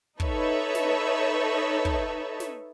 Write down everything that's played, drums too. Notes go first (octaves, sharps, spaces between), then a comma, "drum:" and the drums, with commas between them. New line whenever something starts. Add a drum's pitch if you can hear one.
D#4 A4 B4 C#5 E5, drum: kick
drum: snare
drum: kick
drum: snare